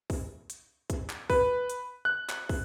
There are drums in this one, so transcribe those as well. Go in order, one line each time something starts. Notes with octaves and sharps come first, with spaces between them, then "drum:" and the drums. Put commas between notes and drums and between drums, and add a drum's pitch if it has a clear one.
drum: kick, open hi-hat
drum: hi-hat
drum: kick, hi-hat
drum: clap
B4, drum: kick, open hi-hat
drum: hi-hat
F#6
drum: clap
drum: kick, open hi-hat